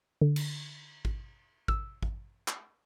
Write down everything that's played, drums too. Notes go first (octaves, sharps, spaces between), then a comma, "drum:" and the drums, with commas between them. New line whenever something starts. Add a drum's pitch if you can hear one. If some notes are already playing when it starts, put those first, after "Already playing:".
D3
drum: cymbal
drum: kick G#1
E6, drum: kick G#1
drum: kick G#1
drum: clap